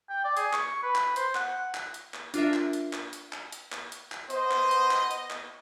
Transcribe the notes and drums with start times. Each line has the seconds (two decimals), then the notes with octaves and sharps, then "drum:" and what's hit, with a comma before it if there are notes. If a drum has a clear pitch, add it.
0.09 G5
0.24 D5
0.37 G#4, drum: hi-hat
0.53 C#6, drum: clap
0.83 B4
0.95 drum: clap
1.16 C5, drum: hi-hat
1.35 F#5, drum: clap
1.74 drum: clap
1.94 drum: hi-hat
2.14 drum: clap
2.34 D4 F4 A#4 E5, drum: hi-hat
2.54 drum: clap
2.73 drum: hi-hat
2.93 drum: clap
3.13 drum: hi-hat
3.33 drum: clap
3.52 drum: hi-hat
3.72 drum: clap
3.92 drum: hi-hat
4.12 drum: clap
4.30 B3 C5 D#5, drum: hi-hat
4.51 drum: clap
4.71 drum: hi-hat
4.91 drum: clap
5.11 drum: hi-hat
5.30 drum: clap